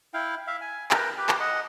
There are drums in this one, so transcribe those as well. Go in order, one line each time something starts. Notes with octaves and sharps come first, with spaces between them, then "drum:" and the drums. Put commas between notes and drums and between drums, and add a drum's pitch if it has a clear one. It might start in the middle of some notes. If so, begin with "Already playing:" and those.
E4 F5 G5
E5 F5
G#5
A#4 B4 G5, drum: clap
G4 B4
drum: clap
D#5 F#5